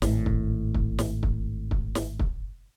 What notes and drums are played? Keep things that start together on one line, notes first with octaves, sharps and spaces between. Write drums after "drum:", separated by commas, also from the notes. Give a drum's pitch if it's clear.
G#1 A2, drum: snare
drum: kick
drum: kick
drum: snare
drum: kick
drum: kick
drum: snare
drum: kick